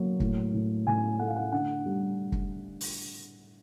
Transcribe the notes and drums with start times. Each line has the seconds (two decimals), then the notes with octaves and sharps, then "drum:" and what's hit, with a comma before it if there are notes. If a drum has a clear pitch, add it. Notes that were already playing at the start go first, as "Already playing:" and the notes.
Already playing: F#3 A#3
0.20 A2, drum: kick
0.54 A2
0.87 A2 G#5
1.19 A3 F#5
1.28 F5
1.36 F#5
1.52 D3 F#5
1.86 G3
2.32 drum: kick
2.81 drum: open hi-hat